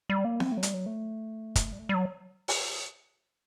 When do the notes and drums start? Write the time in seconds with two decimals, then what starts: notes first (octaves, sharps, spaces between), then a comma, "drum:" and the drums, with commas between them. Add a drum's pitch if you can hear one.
0.10 G3
0.25 A#3
0.40 C4, drum: snare B3
0.52 A3
0.57 F#3
0.63 G3, drum: hi-hat
0.74 F#3
0.86 A3
1.56 drum: kick, hi-hat
1.72 G3
1.79 A3
1.89 G3
1.94 F#3
2.48 drum: open hi-hat